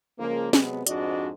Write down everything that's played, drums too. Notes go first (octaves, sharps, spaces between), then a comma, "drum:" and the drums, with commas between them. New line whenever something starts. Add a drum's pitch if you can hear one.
C#3 F3 G#3 A#3
C3 F#3 G#3 B3, drum: snare
F2 G#2 D4 F#4 D5 D#5, drum: hi-hat